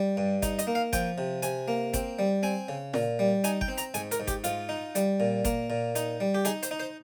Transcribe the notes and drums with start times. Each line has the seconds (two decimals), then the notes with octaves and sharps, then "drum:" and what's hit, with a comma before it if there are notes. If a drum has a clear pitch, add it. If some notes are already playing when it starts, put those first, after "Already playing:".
Already playing: G3
0.17 G2
0.42 D#4, drum: kick G1, hi-hat
0.59 D#5, drum: hi-hat
0.67 A#3
0.75 F5
0.93 F3 G5, drum: kick G1, hi-hat
1.18 C3
1.42 C3 G#5, drum: hi-hat
1.68 A#3
1.94 C4, drum: kick G1, hi-hat
2.19 G3
2.43 C4 G#5
2.69 C#3
2.94 A#2, drum: snare F4
3.19 G3
3.44 D#4 G#5, drum: hi-hat
3.61 G5, drum: kick G1
3.68 C4
3.78 A#5, drum: hi-hat
3.94 G#2 G#5, drum: hi-hat
4.11 A#4, drum: hi-hat
4.20 G#2
4.27 G4, drum: kick G1, hi-hat
4.44 G#2 F4, drum: hi-hat
4.69 D#4
4.95 G3, drum: hi-hat
5.20 A#2
5.45 A#3, drum: kick G1, hi-hat
5.70 A#2
5.95 D#4, drum: hi-hat
6.20 G3
6.34 G4
6.45 D#4 G#4, drum: hi-hat
6.63 C5, drum: hi-hat
6.71 D#4
6.80 C5